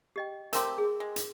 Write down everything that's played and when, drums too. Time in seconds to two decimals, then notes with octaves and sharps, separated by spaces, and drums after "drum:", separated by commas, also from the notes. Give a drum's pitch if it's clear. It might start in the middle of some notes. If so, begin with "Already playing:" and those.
0.16 G4 D#5 G5
0.53 A3 C4 G4 A#4 A#5 C6, drum: hi-hat
0.78 G#4
1.00 G#3
1.16 drum: hi-hat